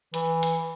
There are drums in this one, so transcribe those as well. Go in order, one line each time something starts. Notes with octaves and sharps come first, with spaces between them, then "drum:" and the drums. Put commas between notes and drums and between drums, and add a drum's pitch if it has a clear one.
E3, drum: hi-hat
drum: hi-hat